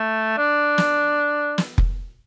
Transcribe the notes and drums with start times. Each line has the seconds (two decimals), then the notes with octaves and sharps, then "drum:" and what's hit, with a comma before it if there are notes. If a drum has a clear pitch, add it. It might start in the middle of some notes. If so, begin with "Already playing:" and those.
Already playing: A3
0.38 D4
0.78 drum: snare
1.58 drum: snare
1.78 drum: kick F1